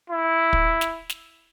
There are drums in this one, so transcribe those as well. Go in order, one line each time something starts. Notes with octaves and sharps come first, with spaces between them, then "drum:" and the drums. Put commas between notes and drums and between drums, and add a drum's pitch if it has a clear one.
E4
drum: kick
drum: snare
drum: snare